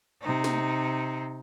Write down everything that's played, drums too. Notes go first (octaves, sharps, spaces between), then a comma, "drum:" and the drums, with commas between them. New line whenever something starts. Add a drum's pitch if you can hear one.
C3 D#4
drum: snare